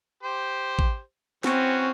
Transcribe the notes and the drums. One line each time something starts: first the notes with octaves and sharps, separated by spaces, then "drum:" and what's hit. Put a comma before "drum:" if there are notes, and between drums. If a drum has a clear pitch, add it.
G4 C5
drum: kick
E3 C4 C#4 F#4, drum: snare